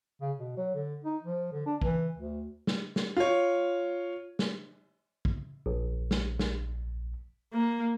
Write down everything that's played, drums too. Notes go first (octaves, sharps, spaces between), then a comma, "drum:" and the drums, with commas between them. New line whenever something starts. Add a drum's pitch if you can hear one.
C#3
B2
F#3
D3
D#4
F3
D3
D4
E3, drum: kick
D2
drum: snare
drum: snare
F4 C#5
drum: snare
drum: kick
A#1
drum: snare
drum: snare
A#3